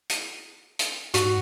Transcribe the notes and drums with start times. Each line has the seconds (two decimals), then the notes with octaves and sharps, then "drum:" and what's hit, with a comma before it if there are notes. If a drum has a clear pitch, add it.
0.09 drum: hi-hat
0.79 drum: hi-hat
1.14 G#2 F#4, drum: hi-hat